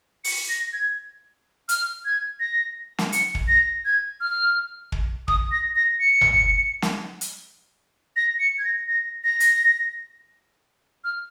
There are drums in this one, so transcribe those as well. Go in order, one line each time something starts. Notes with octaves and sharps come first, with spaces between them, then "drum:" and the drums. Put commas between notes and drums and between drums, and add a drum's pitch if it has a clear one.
C#7, drum: open hi-hat
A#6
G#6
F6, drum: hi-hat
G#6
A#6
drum: snare
C#7, drum: hi-hat
drum: kick
A#6
G#6
F6
drum: kick
D#6, drum: kick
A#6
A#6
C#7
drum: tom G1
drum: snare
drum: hi-hat
A#6
C#7
G#6
A#6
A#6
A#6
drum: hi-hat
F6